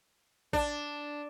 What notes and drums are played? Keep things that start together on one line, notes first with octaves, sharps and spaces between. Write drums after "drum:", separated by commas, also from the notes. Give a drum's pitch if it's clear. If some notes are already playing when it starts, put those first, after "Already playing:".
D4, drum: kick